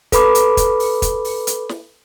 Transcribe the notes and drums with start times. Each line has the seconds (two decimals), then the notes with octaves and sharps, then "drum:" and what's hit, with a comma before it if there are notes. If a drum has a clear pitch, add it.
0.12 A4 B4 B5 D6, drum: kick, hi-hat
0.35 drum: hi-hat
0.57 drum: kick, hi-hat
0.80 drum: open hi-hat
1.02 drum: kick, hi-hat
1.24 drum: open hi-hat
1.47 drum: hi-hat
1.69 drum: snare